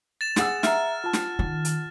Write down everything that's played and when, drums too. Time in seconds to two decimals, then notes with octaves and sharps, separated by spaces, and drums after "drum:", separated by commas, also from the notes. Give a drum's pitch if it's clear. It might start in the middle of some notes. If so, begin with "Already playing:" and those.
0.21 A6 E7
0.36 G#4 F#5 E6, drum: snare
0.63 E5 A#5 F6, drum: snare
1.04 F4 A5
1.13 drum: snare
1.39 D#3
1.65 drum: hi-hat